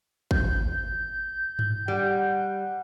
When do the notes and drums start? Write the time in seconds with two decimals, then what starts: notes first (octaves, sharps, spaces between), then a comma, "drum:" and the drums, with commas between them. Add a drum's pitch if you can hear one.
0.31 G6, drum: kick
1.59 drum: tom G2
1.88 G3 F#5